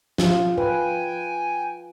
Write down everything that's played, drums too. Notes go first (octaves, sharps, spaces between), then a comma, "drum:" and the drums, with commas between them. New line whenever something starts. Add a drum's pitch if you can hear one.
F4, drum: snare
B4 G5 G#5